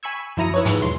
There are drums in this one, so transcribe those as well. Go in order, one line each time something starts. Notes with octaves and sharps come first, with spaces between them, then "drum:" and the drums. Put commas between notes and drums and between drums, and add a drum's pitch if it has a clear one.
G#5 B5 C#6 E6 G#6
F#2 F3 E4 A#5 D#6 C#7
E4 B4 C#5
G#2 F3 B4, drum: hi-hat
B1 E2 C6 C7